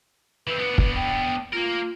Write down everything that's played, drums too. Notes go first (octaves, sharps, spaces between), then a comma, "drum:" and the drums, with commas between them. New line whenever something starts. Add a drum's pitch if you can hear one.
E3 C4 B4
B3 D4
drum: kick
G5
A#3 F4 A#4